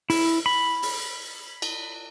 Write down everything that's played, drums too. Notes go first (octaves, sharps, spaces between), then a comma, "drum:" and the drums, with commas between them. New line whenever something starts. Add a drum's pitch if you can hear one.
E4, drum: open hi-hat
B5
drum: open hi-hat
drum: cymbal